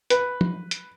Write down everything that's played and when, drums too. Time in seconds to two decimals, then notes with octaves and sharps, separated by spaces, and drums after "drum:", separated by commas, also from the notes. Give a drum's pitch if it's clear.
0.10 B4, drum: hi-hat
0.41 drum: tom
0.71 drum: hi-hat